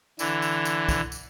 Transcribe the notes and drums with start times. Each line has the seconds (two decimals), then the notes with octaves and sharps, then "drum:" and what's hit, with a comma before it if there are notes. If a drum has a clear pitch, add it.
0.19 D3 E3, drum: tambourine
0.42 drum: tambourine
0.65 drum: tambourine
0.89 drum: kick, tambourine
1.12 drum: tambourine